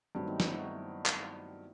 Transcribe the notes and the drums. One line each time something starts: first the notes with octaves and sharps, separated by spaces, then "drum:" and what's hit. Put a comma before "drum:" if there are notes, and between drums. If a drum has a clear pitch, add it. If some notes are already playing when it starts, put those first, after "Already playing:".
G2 D#3 F#3 A3 C4
B3 D#4
C4 E4, drum: snare
D#4 F#4
drum: clap